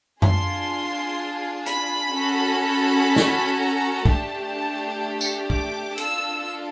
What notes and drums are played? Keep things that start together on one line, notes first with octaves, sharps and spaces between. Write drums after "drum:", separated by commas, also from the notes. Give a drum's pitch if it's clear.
D4 F4 G#4 C6, drum: tom F#2
B5, drum: hi-hat
C#4 F#4 A4
B5
drum: snare
A#5
A3 D4 G4 A5, drum: kick
A5
drum: tambourine
D6, drum: kick
D4 F4 A4 E6, drum: cymbal